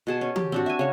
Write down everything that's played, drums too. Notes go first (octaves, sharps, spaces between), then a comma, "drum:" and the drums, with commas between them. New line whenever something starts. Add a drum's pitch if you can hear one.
B2 G#4 A5
C#4
G4, drum: tom E3
C4 D4 F#4
E5 G#5
C#3 C#5